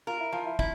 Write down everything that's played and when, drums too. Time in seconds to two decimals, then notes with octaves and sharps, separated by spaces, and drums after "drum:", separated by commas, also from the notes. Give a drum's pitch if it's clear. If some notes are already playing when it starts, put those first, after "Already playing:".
0.07 F4 A#4
0.20 E4
0.32 F3 F4
0.46 E4
0.59 E4, drum: kick